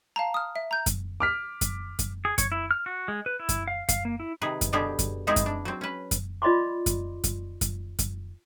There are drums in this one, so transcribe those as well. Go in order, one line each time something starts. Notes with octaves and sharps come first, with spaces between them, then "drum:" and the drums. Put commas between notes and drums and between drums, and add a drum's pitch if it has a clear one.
F5 A5 A#5
D#6 F6
E5
A#5 G6
drum: kick F#2, hi-hat
D6 F6 B6
drum: kick F#2, hi-hat
drum: kick F#2, hi-hat
G#4
C#5, drum: kick F#2, hi-hat
E4
F6
F#4
G#3
B4
E4
drum: kick F#2, hi-hat
F5
F5, drum: kick F#2, hi-hat
A#3
E4
C3 D#3 G#4 B4
drum: kick F#2, hi-hat
B2 D3 G3 B3 G4 G#4
drum: kick F#2, hi-hat
G#3 B3 C4 D#4 E4 G#4
drum: kick F#2, hi-hat
D4
F#3 C4
C#4 B4
drum: kick F#2, hi-hat
F4 D5 D#5 B5 C6 D6
drum: kick F#2, hi-hat
drum: kick F#2, hi-hat
drum: kick F#2, hi-hat
drum: kick F#2, hi-hat